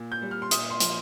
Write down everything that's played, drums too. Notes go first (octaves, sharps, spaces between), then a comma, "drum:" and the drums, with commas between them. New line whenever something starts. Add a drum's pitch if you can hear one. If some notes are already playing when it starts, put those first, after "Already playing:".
Already playing: A#2
G6
G3
F6
C6
A#2 D#6, drum: hi-hat
C6
F3, drum: hi-hat